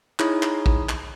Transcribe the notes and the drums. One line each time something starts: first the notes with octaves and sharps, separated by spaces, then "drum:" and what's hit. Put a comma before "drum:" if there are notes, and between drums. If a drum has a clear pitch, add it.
D#4 E4 G#4 C#5, drum: clap
drum: clap
drum: kick
drum: clap